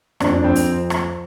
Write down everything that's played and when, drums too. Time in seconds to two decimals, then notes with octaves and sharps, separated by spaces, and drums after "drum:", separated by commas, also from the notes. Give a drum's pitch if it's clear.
0.20 F2 D4, drum: rim click
0.44 F2 C4
0.55 drum: open hi-hat
0.90 drum: rim click